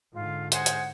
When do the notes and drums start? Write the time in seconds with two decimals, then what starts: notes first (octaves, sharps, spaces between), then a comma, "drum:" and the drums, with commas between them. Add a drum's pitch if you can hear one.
0.13 G#2 D3 F4
0.52 G#3 C5 F#5 G#5, drum: hi-hat
0.66 drum: hi-hat